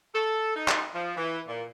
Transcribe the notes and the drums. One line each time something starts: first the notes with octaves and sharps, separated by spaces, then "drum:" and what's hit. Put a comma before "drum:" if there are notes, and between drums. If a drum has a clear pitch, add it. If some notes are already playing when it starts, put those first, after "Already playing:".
A4
D#4
drum: clap
F3
E3
A#2